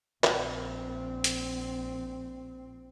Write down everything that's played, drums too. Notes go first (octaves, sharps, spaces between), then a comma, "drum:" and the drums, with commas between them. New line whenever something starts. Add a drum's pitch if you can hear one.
A#1 C4, drum: clap
drum: hi-hat